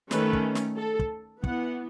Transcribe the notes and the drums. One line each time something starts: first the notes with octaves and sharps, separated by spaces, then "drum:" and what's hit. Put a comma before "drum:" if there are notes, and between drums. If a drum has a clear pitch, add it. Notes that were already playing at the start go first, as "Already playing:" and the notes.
D#3 A3 C#4 B4, drum: snare
drum: kick
drum: snare
A4
drum: kick
E3 B3 F#5, drum: kick